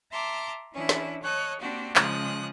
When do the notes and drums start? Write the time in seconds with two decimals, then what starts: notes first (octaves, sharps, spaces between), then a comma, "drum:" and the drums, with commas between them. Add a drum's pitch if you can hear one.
0.11 E5 A5 A#5 C6 D6
0.73 E3 C#4 D4 E4
0.89 drum: snare
1.23 A4 C#5 D#5 F#6
1.60 A#3 C4 D4 F#4 G4
1.96 C#3 F3 G#3 D#6 F#6, drum: clap